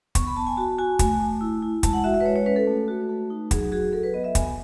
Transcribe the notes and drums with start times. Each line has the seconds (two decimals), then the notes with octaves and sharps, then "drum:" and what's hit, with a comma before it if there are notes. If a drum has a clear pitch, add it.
0.15 B3 C#6, drum: kick, hi-hat
0.27 B5
0.36 B3 A5
0.47 G#5
0.57 F#4 A5
0.78 F#4 G#5
0.99 A3 G#5, drum: kick, hi-hat
1.20 A3
1.41 E4
1.63 E4
1.83 G#3 A5, drum: kick, hi-hat
1.93 F#5
2.04 F#4 E5
2.14 E5
2.20 B4
2.25 G#3 C#5
2.36 C#5
2.46 C#4 B4
2.56 A4
2.67 A3
2.88 F#4
3.09 A3
3.30 D#4
3.51 F#3 G#4, drum: kick, hi-hat
3.72 F#4 G#4
3.93 F#3 A4
4.03 B4
4.14 B3 D#5
4.24 E5
4.35 B3 G#5, drum: kick, hi-hat